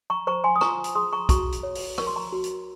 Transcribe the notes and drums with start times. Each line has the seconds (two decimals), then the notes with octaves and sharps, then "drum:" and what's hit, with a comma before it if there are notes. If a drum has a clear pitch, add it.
0.10 A#5 C#6
0.27 C5 A#5 C#6
0.44 G#5 C6
0.56 D#6
0.61 F4 A#5 C#6, drum: rim click
0.84 drum: hi-hat
0.95 G#4 C6 D#6
1.13 A#5 C#6
1.29 F#4 A#5 C#6, drum: kick B1, hi-hat
1.52 drum: hi-hat
1.63 C#5
1.75 drum: open hi-hat
1.98 A#4 C#6, drum: rim click
2.07 C6
2.16 A#5 C#6
2.33 F#4
2.44 drum: hi-hat